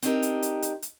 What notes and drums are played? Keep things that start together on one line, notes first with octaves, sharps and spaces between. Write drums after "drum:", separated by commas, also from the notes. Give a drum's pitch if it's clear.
C4 D4 D#4 G4 A#4, drum: hi-hat
drum: hi-hat
drum: hi-hat
drum: hi-hat
drum: hi-hat